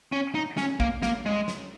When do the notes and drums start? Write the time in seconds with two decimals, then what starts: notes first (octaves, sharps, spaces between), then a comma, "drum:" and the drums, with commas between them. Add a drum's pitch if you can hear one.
0.12 C#4
0.35 D#4
0.57 C#4, drum: snare
0.80 A#3, drum: kick A1
1.02 A#3, drum: snare
1.26 G#3
1.48 drum: snare